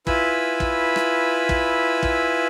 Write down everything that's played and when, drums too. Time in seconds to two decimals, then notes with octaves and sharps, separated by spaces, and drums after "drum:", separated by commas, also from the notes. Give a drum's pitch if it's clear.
0.07 E4 F4 B4 G#5 B5 E6, drum: kick
0.60 drum: kick
0.96 drum: rim click
1.49 drum: kick
2.03 drum: kick